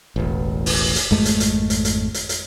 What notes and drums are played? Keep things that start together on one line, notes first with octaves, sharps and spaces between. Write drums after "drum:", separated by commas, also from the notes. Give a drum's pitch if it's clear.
E1 A1
drum: open hi-hat
drum: hi-hat
G#1 F2 G#3 A3
drum: hi-hat
drum: hi-hat
drum: hi-hat
drum: hi-hat
drum: hi-hat
drum: hi-hat